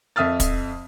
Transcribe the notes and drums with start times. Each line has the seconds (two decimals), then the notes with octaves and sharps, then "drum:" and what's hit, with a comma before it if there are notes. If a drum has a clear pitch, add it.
0.16 F2 E5 D#6 F6 A6
0.40 drum: kick, hi-hat